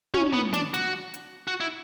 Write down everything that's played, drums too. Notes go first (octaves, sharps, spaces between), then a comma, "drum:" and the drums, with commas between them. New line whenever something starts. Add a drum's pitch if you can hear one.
C#4, drum: tom
B3
D4, drum: hi-hat
F#4, drum: hi-hat
drum: hi-hat
F#4
E4